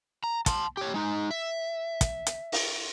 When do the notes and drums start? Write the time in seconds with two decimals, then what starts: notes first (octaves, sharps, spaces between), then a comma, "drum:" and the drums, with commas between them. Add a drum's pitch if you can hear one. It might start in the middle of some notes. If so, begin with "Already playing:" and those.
0.24 A#5
0.46 A5 C6, drum: kick, hi-hat
0.77 G4 C#5
0.94 G#3 D#4
1.31 E5
2.01 drum: kick, hi-hat
2.27 drum: hi-hat
2.52 drum: open hi-hat